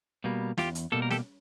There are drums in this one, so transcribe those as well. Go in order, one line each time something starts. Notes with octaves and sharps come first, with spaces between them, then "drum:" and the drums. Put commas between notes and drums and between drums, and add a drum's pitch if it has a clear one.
B2 G3 A#3
E2 F4 G4, drum: snare
drum: hi-hat
B2 G3 A#3 A4
A#4
G4 A4, drum: snare